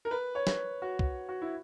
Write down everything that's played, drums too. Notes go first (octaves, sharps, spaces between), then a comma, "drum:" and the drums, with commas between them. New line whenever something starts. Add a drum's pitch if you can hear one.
A#4
B4
C#5
B4, drum: snare
F#4
drum: kick
F#4
E4